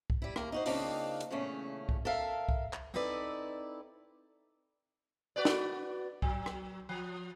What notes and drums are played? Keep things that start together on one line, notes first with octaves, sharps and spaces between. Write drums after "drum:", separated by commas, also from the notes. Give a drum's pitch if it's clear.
drum: kick C2
G3 E4
D#2 A#3 A#4, drum: rim click
D#4 F#4 C5
C#3 A#3 C4 D4 D#4 F4, drum: open hi-hat
drum: hi-hat
E2 A#2 C#3 A3 C#4
drum: kick C2
A4 A#4 E5 F5
drum: kick C2
drum: clap
C4 D#4 E4 A4 B4 D5
F#4 B4 D5
drum: snare
F#3, drum: kick C2
drum: rim click
F3